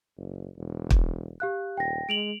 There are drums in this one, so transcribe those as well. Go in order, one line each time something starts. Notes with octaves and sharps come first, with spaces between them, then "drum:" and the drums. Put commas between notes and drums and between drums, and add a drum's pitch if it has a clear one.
F#1
E1
drum: kick
G4 F5 F#6
D#1 G5 A#6
G#3 D7 F7 F#7